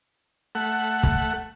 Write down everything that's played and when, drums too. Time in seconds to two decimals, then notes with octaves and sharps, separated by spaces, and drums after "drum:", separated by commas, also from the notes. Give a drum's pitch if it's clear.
0.55 A3 F#5
1.03 drum: kick